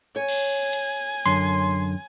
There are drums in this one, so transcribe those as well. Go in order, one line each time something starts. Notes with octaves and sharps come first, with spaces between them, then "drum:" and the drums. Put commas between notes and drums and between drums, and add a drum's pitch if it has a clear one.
C#5 G#5
drum: cymbal
drum: hi-hat
F#2 D3 C6, drum: hi-hat